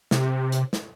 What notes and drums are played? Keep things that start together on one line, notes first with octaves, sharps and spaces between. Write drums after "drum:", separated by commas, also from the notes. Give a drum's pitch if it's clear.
C3, drum: snare
drum: hi-hat
drum: snare